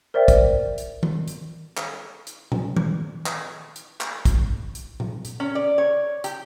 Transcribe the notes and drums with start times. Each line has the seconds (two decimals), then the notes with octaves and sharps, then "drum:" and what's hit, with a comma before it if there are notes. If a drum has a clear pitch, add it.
0.14 A#4 C5 D5 E5 G5
0.28 drum: kick, hi-hat
0.78 drum: hi-hat
1.03 drum: tom D#3
1.28 drum: hi-hat
1.77 drum: clap
2.27 drum: hi-hat
2.52 drum: tom A#2
2.77 drum: tom D#3
3.26 drum: clap
3.76 drum: hi-hat
4.01 drum: clap
4.25 drum: kick, hi-hat
4.75 drum: hi-hat
5.00 drum: tom A#2
5.25 drum: hi-hat
5.40 C#4
5.55 D5
5.78 C#5
6.24 G4, drum: hi-hat